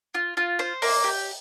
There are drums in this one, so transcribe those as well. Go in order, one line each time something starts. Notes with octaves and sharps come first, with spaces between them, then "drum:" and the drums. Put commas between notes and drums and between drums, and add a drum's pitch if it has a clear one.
F4
F4
C5
A#3, drum: open hi-hat
G4